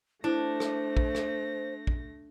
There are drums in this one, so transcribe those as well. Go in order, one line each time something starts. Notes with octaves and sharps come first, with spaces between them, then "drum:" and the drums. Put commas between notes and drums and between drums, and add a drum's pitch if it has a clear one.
A3 D4 E4 C5 A#6
drum: rim click
drum: kick A#1
drum: rim click
drum: kick A#1